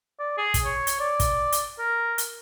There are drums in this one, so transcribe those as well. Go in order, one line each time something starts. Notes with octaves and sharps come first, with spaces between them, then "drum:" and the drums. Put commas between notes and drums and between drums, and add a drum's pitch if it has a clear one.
D5
G#4
drum: kick, hi-hat
C#5
drum: hi-hat
D5
drum: kick, hi-hat
drum: hi-hat
A#4
drum: hi-hat